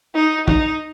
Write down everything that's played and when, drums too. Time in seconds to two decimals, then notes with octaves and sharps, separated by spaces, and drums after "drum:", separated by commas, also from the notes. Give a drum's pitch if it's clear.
0.15 D#4
0.48 D#4, drum: kick